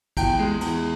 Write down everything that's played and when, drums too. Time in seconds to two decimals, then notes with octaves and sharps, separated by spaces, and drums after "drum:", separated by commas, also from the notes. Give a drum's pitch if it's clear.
0.17 E2 G5, drum: kick, cymbal
0.39 G#3
0.61 E2, drum: cymbal